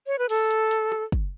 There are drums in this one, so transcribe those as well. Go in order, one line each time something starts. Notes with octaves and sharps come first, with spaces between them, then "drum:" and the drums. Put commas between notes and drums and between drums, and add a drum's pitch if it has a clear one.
C#5
B4
A4, drum: open hi-hat
drum: hi-hat
drum: hi-hat
drum: rim click
drum: kick